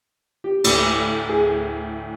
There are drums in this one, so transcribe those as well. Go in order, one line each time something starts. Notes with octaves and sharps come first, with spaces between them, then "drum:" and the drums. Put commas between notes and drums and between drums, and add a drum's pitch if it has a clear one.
G4
D2 A2, drum: cymbal
G#4